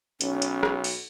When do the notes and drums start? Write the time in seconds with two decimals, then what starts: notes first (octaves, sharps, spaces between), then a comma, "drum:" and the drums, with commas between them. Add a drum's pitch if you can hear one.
0.21 B1 C#4, drum: hi-hat
0.42 drum: hi-hat
0.63 drum: rim click
0.84 drum: open hi-hat